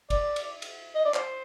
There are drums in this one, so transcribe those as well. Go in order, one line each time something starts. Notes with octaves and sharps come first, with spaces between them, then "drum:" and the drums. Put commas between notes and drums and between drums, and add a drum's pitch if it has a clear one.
D5, drum: kick, cymbal
drum: cymbal
drum: cymbal
D#5
D5
C5, drum: clap